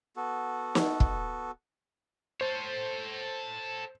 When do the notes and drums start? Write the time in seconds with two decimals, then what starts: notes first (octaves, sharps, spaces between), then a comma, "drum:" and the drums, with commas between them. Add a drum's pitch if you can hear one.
0.16 B3 F#4 A4
0.75 drum: snare
1.00 drum: kick
2.41 A4 C5 C#5